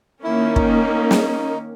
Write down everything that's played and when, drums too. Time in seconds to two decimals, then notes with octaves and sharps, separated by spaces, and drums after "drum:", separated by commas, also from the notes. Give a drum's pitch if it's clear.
0.23 D#3 A#3 C#4 E4
0.56 D#4, drum: kick
1.11 drum: snare